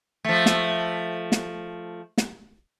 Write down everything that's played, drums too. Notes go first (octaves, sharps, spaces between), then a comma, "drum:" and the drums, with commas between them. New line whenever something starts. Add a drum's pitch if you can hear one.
F3 A3
drum: snare
drum: snare
drum: snare